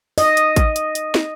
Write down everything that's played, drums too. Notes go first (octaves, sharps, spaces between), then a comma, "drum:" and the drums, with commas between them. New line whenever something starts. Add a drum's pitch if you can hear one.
D#5, drum: open hi-hat
drum: hi-hat
drum: kick, hi-hat
drum: hi-hat
drum: hi-hat
drum: snare